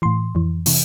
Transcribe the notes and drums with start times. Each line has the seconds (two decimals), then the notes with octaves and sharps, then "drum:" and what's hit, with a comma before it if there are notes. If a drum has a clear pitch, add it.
0.02 A2 E3 C6
0.35 F2 E3
0.66 C3 E3, drum: open hi-hat